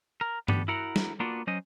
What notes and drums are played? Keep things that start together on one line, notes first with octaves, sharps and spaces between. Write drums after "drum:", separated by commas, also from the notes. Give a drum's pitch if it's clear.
A#4
D2 B3 D4 G4 A4, drum: tom G2
E4 F#4 A#4 F#5
drum: snare
A#3 B3 D4 F4 F#4
F#3 C#4 C5 D#5